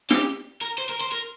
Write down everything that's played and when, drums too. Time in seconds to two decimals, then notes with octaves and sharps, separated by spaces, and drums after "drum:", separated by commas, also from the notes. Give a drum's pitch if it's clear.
0.10 G4, drum: snare
0.61 A#4
0.78 C5
0.89 A#4
1.01 C5
1.12 A#4